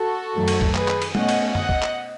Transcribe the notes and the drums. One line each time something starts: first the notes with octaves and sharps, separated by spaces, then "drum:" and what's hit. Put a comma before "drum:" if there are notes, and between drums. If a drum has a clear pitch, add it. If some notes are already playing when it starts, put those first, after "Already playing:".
Already playing: F#4 A4
F#2 D#3 F#3 A3
drum: cymbal
drum: kick
G#4 B4, drum: clap
drum: clap
drum: cymbal
B2 A3 C#4 D#5 F#5, drum: tom
drum: cymbal
D#5 F#5, drum: tom F#2
drum: kick
drum: clap